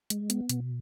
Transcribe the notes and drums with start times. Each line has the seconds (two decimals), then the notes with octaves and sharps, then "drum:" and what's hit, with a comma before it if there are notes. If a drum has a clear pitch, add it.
0.10 G#3, drum: hi-hat
0.30 B3, drum: hi-hat
0.49 B2, drum: hi-hat